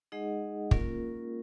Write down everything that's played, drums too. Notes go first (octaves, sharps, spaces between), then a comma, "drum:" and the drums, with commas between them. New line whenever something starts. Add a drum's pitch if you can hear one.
G#3 D#4 G#4 D#5 F#5
A#3 C#4 F4 A#4, drum: kick